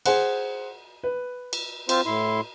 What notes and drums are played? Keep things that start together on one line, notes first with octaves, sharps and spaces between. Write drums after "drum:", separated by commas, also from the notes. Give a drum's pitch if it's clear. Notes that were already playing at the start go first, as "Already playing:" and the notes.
G#4 C5 F#5, drum: cymbal
B4
drum: cymbal
C4 F4 C5, drum: cymbal
A2 E4 C6